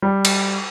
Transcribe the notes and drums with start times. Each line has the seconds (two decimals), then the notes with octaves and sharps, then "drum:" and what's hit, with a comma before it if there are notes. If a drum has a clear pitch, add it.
0.02 G3
0.25 drum: cymbal